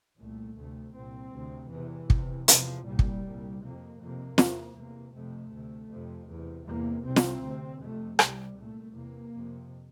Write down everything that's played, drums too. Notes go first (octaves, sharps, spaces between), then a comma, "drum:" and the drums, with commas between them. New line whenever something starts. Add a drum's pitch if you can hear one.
C2 A#2 A3
D2 C3 A3
C2 A#2 C4
D2 C3
E2 C3 E3
E2 C3, drum: kick
E2 C3 F3, drum: hi-hat
C2 A#2 G3
drum: kick
C2 A#2
F2 C3 A#3
F2 C3 A#3
E2 C3, drum: snare
E2 C3 A#3
F2 C3 A3
D2 C3
F2 C3
E2 C3
E2 C3 A#3
C2 C3 C4
drum: snare
D2 C3
F2 C3 A3
C2 C3 G3, drum: rim click
C2 A#2 A3
E2 C3 A#3
F2 C3